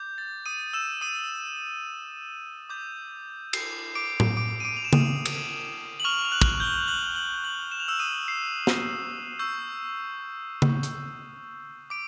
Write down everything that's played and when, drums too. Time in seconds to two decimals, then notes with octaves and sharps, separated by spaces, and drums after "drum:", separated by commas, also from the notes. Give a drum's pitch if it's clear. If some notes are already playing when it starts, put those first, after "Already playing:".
Already playing: D6 G6
0.18 A6
0.46 D#6 D#7
0.73 E6 E7
1.01 D#6 D#7
2.70 D6 G6
3.53 C7, drum: cymbal
3.95 D6 D7
4.20 drum: tom A2
4.37 D6 D7
4.60 D#7
4.65 D6 D7
4.77 F7
4.85 E7
4.93 D#6 D#7, drum: tom C#3
5.25 drum: cymbal
6.00 F#7
6.04 C#6 F6 F7
6.25 F7
6.32 F#6 F#7
6.41 drum: kick
6.60 G6 G7
6.88 F#6 F#7
7.16 F#6 F#7
7.44 F#6 F#7
7.72 E7
7.80 F7
7.88 E6 E7
8.00 D#6 D#7
8.28 C7
8.67 drum: snare
9.39 C#6 E6 G6
10.62 drum: tom C#3
10.83 drum: hi-hat
11.90 D6 D7